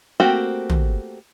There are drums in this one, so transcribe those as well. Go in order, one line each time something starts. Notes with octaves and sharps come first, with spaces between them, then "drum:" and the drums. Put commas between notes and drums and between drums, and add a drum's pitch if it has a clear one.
A3 A#3 C4 F#4 G4
drum: tom